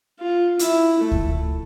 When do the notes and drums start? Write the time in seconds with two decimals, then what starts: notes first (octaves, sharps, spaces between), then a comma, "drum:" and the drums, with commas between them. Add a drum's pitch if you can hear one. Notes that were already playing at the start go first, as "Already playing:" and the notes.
0.20 F4
0.59 E4, drum: hi-hat
0.99 A3
1.12 drum: kick D2